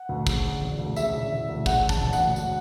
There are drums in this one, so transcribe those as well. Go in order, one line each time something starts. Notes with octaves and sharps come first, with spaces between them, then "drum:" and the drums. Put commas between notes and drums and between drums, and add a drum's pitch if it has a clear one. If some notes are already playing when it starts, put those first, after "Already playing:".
Already playing: F#5
D2
C#3, drum: kick, tambourine
E1
E1
D2
C#3 E5, drum: tambourine
E1
E1
D2
C#3 F#5, drum: kick, tambourine
E1
A5, drum: kick, tambourine
E1
D2 F#5, drum: tambourine
F#3, drum: tambourine